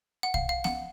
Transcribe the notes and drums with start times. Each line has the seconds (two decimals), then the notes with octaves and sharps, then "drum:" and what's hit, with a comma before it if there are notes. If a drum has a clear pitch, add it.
0.23 F#5
0.34 F5, drum: kick
0.49 F5
0.64 F#5, drum: snare B3